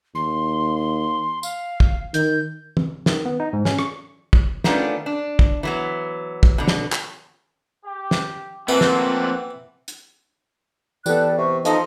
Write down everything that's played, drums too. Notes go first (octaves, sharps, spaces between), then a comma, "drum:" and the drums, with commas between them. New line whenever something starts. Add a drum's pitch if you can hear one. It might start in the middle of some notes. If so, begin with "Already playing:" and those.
D#2 C6
F5, drum: tambourine
drum: kick
D#3 G6, drum: hi-hat
drum: tom
D#3, drum: snare
B3
D#4
G#2
C#4, drum: snare
C#6, drum: rim click
drum: kick
D#3 A3 B3 C#4 D4 F4, drum: snare
D4
drum: kick
E3 F#3 B3
drum: kick
B2 D3
drum: snare
drum: clap
G4
drum: snare
E3 F3 A3 A#3 C4 B4 F#5 G5
drum: snare
drum: hi-hat
E3 G3 B3 A4 F#6, drum: tambourine
C3 C#6
F3 D#4 A4 D#5 C6, drum: hi-hat